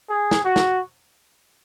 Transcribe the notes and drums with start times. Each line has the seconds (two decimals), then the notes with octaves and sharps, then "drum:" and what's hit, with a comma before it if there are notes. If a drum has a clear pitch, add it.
0.09 G#4
0.31 drum: snare
0.44 F#4
0.56 drum: snare